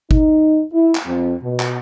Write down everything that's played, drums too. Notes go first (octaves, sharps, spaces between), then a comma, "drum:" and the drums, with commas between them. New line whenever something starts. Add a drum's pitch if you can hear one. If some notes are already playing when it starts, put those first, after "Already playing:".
D#4, drum: kick G1
E4
drum: clap
F2
B2
drum: clap